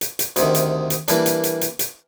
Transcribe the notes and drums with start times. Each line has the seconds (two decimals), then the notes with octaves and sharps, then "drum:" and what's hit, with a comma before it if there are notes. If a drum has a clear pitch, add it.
0.01 drum: hi-hat
0.19 drum: hi-hat
0.36 D2 C3 D#3, drum: hi-hat
0.55 drum: hi-hat
0.90 drum: hi-hat
1.08 E3 G3 A#3 D4, drum: hi-hat
1.26 drum: hi-hat
1.44 drum: hi-hat
1.61 drum: hi-hat
1.79 drum: hi-hat